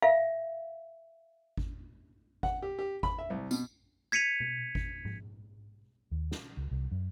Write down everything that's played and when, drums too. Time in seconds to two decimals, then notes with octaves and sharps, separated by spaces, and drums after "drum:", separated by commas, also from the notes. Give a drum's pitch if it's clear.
0.02 E5 F5
1.57 drum: kick G#1
2.43 F#5, drum: kick G#1
2.62 G4
2.79 G4
3.03 B5, drum: kick G#1
3.19 E5
3.30 C2
3.51 B2, drum: tambourine
4.12 G#6 B6 C#7 D#7 F7
4.40 drum: tom B2
4.75 drum: kick G#1
5.05 drum: tom G#2
6.11 D#2
6.31 C#4, drum: snare
6.57 C#2
6.71 C2
6.91 F#2